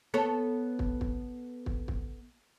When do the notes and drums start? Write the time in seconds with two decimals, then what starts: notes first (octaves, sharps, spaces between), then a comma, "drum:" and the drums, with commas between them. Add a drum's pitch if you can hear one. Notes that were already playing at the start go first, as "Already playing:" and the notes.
0.14 B3 A4 C#5
0.79 drum: kick
1.01 drum: kick
1.66 drum: kick
1.88 drum: kick